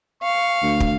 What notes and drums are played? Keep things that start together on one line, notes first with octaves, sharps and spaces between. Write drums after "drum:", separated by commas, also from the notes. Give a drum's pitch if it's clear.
F5 C#6
D2
drum: kick